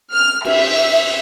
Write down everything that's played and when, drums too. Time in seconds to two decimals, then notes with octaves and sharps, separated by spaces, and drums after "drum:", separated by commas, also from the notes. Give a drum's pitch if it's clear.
0.12 F6
0.45 E5, drum: cymbal